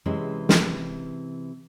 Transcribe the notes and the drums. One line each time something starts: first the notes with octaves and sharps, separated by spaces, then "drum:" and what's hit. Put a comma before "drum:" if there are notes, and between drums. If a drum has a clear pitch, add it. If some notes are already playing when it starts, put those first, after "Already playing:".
C3 E3 G#3 C#4
drum: snare